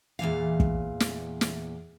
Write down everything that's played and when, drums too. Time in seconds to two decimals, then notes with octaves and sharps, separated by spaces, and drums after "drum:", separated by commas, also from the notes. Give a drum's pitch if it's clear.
0.19 E2 A#2 E3 F5
0.60 drum: kick
1.00 drum: snare
1.41 drum: snare